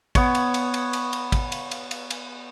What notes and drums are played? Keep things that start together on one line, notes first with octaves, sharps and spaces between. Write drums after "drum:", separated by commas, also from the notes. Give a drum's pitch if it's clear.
B3 C#5, drum: kick, cymbal
drum: cymbal
drum: cymbal
drum: cymbal
drum: cymbal
drum: cymbal
drum: kick, cymbal
drum: cymbal
drum: cymbal
drum: cymbal
drum: cymbal